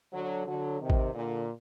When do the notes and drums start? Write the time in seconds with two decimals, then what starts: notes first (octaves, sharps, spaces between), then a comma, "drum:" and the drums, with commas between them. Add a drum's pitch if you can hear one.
0.12 D3 F#3
0.46 D3 F#3
0.80 C3 D#3
0.90 drum: kick
1.14 A#2 D3